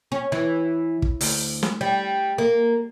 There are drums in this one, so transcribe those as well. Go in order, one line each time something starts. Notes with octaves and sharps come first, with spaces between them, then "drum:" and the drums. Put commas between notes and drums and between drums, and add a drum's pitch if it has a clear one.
C#4
E3
drum: kick
D2, drum: open hi-hat
drum: snare
G3
A#3